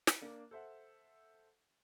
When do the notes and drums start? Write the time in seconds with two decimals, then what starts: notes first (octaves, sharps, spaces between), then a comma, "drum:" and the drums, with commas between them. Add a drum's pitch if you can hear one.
0.07 drum: snare
0.22 A#3 D4
0.51 A4 C5 E5 F#5